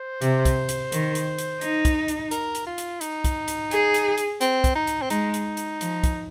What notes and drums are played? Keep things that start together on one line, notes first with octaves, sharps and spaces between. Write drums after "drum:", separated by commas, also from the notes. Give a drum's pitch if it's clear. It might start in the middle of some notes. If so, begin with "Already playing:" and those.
Already playing: C5
C3, drum: hi-hat
drum: kick, hi-hat
drum: hi-hat
D#3, drum: hi-hat
drum: hi-hat
drum: hi-hat
D#4, drum: hi-hat
drum: kick, hi-hat
drum: hi-hat
A#4, drum: hi-hat
drum: hi-hat
F4
drum: hi-hat
D#4, drum: hi-hat
drum: kick, hi-hat
drum: hi-hat
G#4, drum: hi-hat
drum: hi-hat
drum: hi-hat
C4, drum: hi-hat
drum: kick, hi-hat
D#4
drum: hi-hat
C4
G#3 D#4, drum: hi-hat
drum: hi-hat
drum: hi-hat
F3, drum: hi-hat
drum: kick, hi-hat